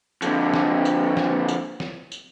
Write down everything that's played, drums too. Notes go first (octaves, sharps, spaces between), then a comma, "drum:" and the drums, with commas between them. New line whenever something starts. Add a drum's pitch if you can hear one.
F2 D3, drum: tambourine
drum: snare
drum: tambourine
drum: snare
drum: tambourine
drum: snare
drum: tambourine